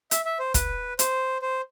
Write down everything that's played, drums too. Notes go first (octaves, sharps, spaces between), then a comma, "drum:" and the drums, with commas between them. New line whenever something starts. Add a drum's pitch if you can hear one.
E5, drum: hi-hat
E5
C5
B4, drum: kick, hi-hat
C5, drum: hi-hat
C5